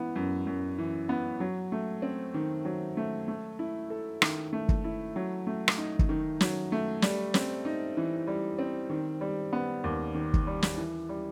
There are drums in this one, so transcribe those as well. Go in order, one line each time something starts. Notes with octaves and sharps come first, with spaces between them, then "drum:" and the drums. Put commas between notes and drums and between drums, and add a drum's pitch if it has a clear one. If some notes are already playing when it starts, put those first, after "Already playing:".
Already playing: E3 B3
F#2
F#2
E3
B3
F#3
A3
C4
D#3
F#3
A3
A3
E4
A4
D#3, drum: rim click
A3
drum: kick
E4
F#3
A3
drum: rim click
D#4
drum: kick
D#3
F#3, drum: snare
A3
G3, drum: snare
C4, drum: snare
D#4
E3
G3
C4
D#3
G3
B3
D#2
D#3
drum: kick
G3
drum: snare
E3
G3